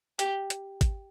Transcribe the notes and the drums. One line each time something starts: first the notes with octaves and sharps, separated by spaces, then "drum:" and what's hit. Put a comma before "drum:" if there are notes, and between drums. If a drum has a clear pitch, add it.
G4, drum: hi-hat
drum: hi-hat
drum: kick, hi-hat